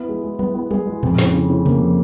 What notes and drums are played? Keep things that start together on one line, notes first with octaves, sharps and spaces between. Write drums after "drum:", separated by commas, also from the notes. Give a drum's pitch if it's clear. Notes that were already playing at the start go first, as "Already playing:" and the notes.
Already playing: B3 E4
G#3
G#3
B3, drum: tom F#3
B3
G#4, drum: tom F#3
G#3
F2, drum: tom A2
C#3, drum: snare
C#3
C#3
A#3, drum: tom C3
F3